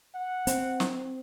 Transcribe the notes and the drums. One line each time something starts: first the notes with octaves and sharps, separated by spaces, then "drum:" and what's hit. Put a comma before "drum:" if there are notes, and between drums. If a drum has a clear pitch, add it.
F#5
C4, drum: hi-hat
drum: snare